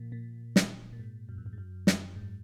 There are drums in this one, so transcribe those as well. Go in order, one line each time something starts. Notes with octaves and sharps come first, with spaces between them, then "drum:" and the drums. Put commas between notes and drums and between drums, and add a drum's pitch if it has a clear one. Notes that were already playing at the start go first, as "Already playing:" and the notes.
Already playing: A#2 F3
A#2
drum: snare
A#2
G#2
F#2
F2
F#2
G#2
F#2
F#2, drum: snare
G#2